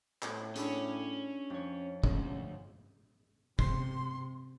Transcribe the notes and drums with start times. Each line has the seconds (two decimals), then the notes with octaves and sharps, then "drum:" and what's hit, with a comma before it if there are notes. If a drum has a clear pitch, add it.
0.23 A2, drum: clap
0.56 C#4 D4 E4 G#4, drum: hi-hat
1.50 F2 C#5
2.04 D2 C#4, drum: kick
3.59 C3 C6, drum: kick